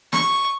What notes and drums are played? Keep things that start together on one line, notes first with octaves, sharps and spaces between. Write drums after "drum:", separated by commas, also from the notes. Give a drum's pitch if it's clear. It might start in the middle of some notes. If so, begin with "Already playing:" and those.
C#6, drum: snare